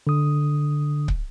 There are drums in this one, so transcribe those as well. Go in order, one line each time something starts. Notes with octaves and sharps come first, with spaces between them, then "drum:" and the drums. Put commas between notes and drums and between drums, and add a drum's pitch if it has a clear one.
D3 D#6
drum: kick